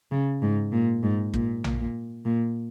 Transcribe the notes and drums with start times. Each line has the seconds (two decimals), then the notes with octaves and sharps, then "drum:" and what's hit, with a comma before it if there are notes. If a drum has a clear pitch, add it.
0.11 C#3
0.42 G#2
0.72 A#2
1.03 G#2
1.34 A#2, drum: kick
1.64 A#2, drum: tom A#1
2.25 A#2